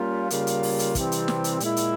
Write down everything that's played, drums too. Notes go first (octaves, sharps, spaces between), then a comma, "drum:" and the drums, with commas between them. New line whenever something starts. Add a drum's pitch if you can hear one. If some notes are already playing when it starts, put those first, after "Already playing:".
Already playing: G3 A#3 C#4 F4
C#3 G3 A#3 F4, drum: hi-hat
drum: hi-hat
drum: open hi-hat
drum: hi-hat
C3 E3 G3 C4, drum: kick, hi-hat
drum: hi-hat
drum: snare
drum: hi-hat
A#2 G#3 E4, drum: hi-hat
drum: hi-hat